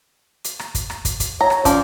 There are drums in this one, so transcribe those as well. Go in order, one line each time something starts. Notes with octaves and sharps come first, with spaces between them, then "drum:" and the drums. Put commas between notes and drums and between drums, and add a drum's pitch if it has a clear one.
drum: hi-hat
drum: rim click
drum: kick, hi-hat
drum: rim click
drum: kick, hi-hat
drum: kick, hi-hat
C#5 A#5
drum: rim click
F3 C#4 D5, drum: kick, hi-hat